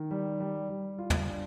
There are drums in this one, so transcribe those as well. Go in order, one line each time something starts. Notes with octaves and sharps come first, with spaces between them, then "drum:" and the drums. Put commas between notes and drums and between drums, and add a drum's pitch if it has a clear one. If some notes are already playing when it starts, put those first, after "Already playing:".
Already playing: D#3
G3
G3
G3
F4
drum: tom
D4